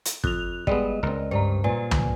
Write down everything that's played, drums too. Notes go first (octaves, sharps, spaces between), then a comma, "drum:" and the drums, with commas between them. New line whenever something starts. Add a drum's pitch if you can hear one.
drum: hi-hat
F2 F#6 F7, drum: kick
G3 G#3 B3 D5 D#5, drum: kick
C#2 C4 A#4
G2 C5 D5 A#5
A#2 B4 D5 G#5
drum: tom